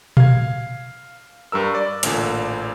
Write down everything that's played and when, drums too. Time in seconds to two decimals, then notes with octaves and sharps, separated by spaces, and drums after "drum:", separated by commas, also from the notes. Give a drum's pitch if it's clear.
0.17 F5 G#6, drum: tom A#2
1.52 G2 G3 A#4 E6
1.75 D5
2.03 A1 A#2 D3, drum: hi-hat